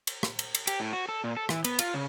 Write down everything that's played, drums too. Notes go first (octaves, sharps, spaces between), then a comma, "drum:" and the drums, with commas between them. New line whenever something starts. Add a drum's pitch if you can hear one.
drum: cymbal
drum: rim click
drum: cymbal
drum: cymbal
G4, drum: cymbal
A2
F#4
A4
A#2
A4
E3, drum: rim click
B3, drum: cymbal
F4, drum: cymbal
C#3